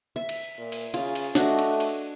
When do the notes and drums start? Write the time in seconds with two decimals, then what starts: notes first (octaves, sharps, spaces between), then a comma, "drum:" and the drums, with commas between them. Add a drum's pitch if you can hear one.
0.16 E5
0.29 drum: cymbal
0.58 A#2
0.72 drum: cymbal
0.94 C#3 F4, drum: cymbal
1.15 drum: cymbal
1.35 A3 D4 F#4 D#5, drum: snare
1.59 drum: cymbal
1.80 drum: cymbal